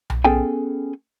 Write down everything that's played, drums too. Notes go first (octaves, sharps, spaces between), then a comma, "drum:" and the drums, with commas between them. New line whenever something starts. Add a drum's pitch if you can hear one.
drum: tom B1
B3 C#4 G#4 A4 G5 G#5